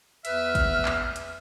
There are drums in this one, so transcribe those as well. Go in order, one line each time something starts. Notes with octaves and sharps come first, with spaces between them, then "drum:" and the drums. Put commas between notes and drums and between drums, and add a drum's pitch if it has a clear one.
E2 B4 E5 F6, drum: hi-hat
drum: kick, hi-hat
drum: clap
drum: hi-hat